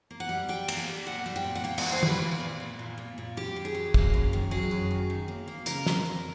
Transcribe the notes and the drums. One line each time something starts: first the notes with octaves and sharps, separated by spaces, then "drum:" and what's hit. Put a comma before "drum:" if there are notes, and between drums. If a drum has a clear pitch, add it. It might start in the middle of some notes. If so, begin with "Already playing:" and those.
A#3
F#5
G3
G3 G5
A#3, drum: cymbal
G#5
G3
A#2 F#5
G3
G5
A#2
F#5
A#3 G5
F#5, drum: cymbal
A#3
C5
G3 B4, drum: tom
A#3
A#2
A#2
A#2
A#2
A#2
F#2 G4
D#3
G#4
F#3
A#3, drum: kick
F#2
D#3
F#3 G#4
F#2
D#3
D#3
A#3
A#3
C#3 A#4, drum: hi-hat
F2, drum: snare
F2